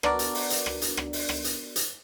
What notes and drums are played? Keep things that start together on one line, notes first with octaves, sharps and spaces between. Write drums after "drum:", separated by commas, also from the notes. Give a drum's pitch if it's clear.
B3 D4 F#4 A#4 D5, drum: rim click
drum: hi-hat
drum: open hi-hat
drum: hi-hat
drum: rim click
drum: hi-hat
drum: rim click
drum: open hi-hat
drum: rim click
drum: hi-hat
drum: hi-hat